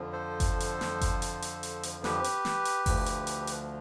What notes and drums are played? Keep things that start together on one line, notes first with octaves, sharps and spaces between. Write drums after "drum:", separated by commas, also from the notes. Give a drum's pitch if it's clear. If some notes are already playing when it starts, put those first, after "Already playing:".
Already playing: F2 D3 F3
A4 C5
drum: kick F#1, hi-hat
drum: hi-hat
drum: snare
drum: kick F#1, hi-hat
drum: hi-hat
drum: hi-hat
drum: hi-hat
drum: hi-hat
G4 B4, drum: snare
drum: hi-hat
drum: snare
drum: hi-hat
D2 D3 F3, drum: kick F#1, open hi-hat
drum: hi-hat
drum: hi-hat
drum: hi-hat